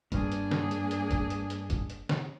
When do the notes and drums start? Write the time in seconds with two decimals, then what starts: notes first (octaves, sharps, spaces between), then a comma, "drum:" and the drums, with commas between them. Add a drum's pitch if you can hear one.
0.12 G2 A#3 D4 G#4, drum: kick, hi-hat
0.32 drum: hi-hat
0.51 drum: snare
0.71 drum: hi-hat
0.91 drum: hi-hat
1.11 drum: kick, hi-hat
1.30 drum: hi-hat
1.50 drum: hi-hat
1.70 drum: kick, hi-hat
1.90 drum: hi-hat
2.09 drum: snare